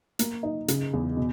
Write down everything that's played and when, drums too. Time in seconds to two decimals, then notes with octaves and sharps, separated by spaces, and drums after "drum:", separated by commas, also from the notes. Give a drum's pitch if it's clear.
0.19 A#3, drum: hi-hat
0.43 D#4
0.68 C#3, drum: hi-hat
0.93 E2
1.17 B2